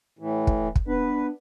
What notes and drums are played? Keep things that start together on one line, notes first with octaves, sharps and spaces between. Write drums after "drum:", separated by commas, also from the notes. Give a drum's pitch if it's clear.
A2 E3
drum: kick
drum: kick
B3 D4 B4